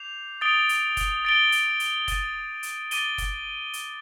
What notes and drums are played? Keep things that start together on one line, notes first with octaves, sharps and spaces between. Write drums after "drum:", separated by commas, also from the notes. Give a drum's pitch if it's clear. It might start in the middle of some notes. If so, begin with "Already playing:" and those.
Already playing: D6 G6 C7 F7
D#6 A6 D7 G7
drum: hi-hat
drum: kick, hi-hat
A6 D7 G7
drum: hi-hat
drum: hi-hat
A6 D#7 G7, drum: kick, hi-hat
drum: hi-hat
D6 A6 D#7 G7, drum: hi-hat
drum: kick, hi-hat
drum: hi-hat